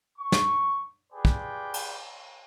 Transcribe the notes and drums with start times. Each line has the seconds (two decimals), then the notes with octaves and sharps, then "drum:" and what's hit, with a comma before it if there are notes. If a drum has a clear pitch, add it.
0.18 C#6
0.32 drum: snare
1.13 F4 G4 G#4 B4 D5 G5
1.25 drum: kick
1.74 drum: cymbal